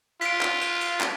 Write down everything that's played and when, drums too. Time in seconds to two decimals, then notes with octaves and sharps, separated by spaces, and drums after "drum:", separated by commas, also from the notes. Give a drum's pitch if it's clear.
0.21 F4 B6 D7, drum: cymbal
0.41 drum: clap
0.61 drum: cymbal
0.81 drum: cymbal
1.01 drum: clap